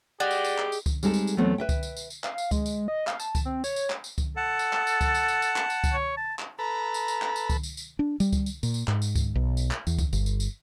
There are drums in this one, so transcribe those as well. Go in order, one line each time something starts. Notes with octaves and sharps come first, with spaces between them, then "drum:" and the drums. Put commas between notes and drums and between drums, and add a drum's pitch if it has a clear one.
G#3 F#4 G4 D5
drum: tambourine
drum: tambourine
drum: clap
drum: tambourine
drum: kick C#2, tambourine
G3 G#3 C4 D#4 A4, drum: tambourine
drum: tambourine
drum: tambourine
E2 F#3 A3 B3 C4
B4 E5 G5
drum: kick C#2, tambourine
drum: tambourine
drum: tambourine
drum: tambourine
F5, drum: clap
drum: tambourine
G#3, drum: kick C#2, tambourine
drum: tambourine
D#5
F5, drum: clap
A5, drum: tambourine
drum: kick C#2, tambourine
C4
C#5, drum: tambourine
drum: tambourine
drum: clap
drum: tambourine
drum: kick C#2, tambourine
A4 F#5 A5
drum: tambourine
drum: clap
drum: tambourine
drum: kick C#2, tambourine
drum: tambourine
drum: tambourine
drum: tambourine
drum: clap
drum: tambourine
drum: kick C#2, tambourine
C#5
A5
drum: clap
A4 B4 A#5
drum: tambourine
drum: tambourine
drum: clap
drum: tambourine
drum: kick C#2, tambourine
drum: tambourine
drum: tambourine
D4
G3, drum: tambourine
drum: kick C#2, tambourine
drum: tambourine
A#2, drum: tambourine
drum: tambourine
G#2, drum: clap
drum: tambourine
drum: kick C#2, tambourine
B1
drum: tambourine
drum: clap
E2, drum: tambourine
drum: kick C#2, tambourine
G1, drum: tambourine
drum: tambourine
drum: tambourine